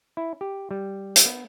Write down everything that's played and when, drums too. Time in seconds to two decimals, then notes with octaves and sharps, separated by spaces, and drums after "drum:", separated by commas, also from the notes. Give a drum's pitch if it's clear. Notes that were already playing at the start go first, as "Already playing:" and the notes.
0.17 E4
0.41 G4
0.71 G3
1.16 drum: hi-hat
1.25 B3